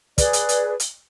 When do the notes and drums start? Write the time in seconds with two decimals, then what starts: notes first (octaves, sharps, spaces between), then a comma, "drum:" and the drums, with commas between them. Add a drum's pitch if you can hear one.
0.18 G#4 B4 D5, drum: kick, hi-hat
0.33 drum: hi-hat
0.49 drum: hi-hat
0.80 drum: hi-hat